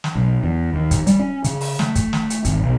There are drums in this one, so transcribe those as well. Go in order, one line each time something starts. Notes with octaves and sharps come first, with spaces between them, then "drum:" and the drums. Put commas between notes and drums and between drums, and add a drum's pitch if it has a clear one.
drum: snare
B1
E2
D#2
drum: kick, hi-hat
G3, drum: hi-hat
C#4
C#3, drum: hi-hat
drum: open hi-hat
A3, drum: snare
drum: kick, hi-hat
drum: snare
drum: hi-hat
G#1, drum: kick, hi-hat
B1